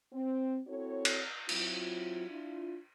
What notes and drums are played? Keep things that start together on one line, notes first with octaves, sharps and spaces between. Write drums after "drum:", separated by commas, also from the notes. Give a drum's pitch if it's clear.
C4
C4 E4 F#4 A4 C#5
drum: cymbal
F#3 C4 E4 F4, drum: cymbal
D4 E4 F4